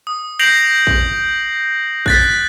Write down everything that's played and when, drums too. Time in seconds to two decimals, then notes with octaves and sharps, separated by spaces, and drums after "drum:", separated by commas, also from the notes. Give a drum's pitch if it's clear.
0.07 D#6
0.39 G6 A#6 C7 D7 F7 F#7
0.87 drum: kick
2.06 F#6 A6 B6, drum: kick